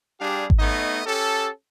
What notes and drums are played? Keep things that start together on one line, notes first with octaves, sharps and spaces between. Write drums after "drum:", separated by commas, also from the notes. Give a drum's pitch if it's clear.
G3 D4 G4 G#4 F5
drum: kick G#1
A3 B3 D#4 C#5 D#5
C#4 G4 A4